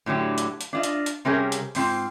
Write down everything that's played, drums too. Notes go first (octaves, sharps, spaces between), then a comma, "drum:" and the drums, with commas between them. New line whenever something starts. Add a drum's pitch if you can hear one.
A2 D3 F#3 G4
drum: hi-hat
drum: hi-hat
D4 F4 D#5
drum: hi-hat
drum: hi-hat
C3 G3 C#4 G4 G#4 A#4
drum: hi-hat
G#2 C4 F4, drum: open hi-hat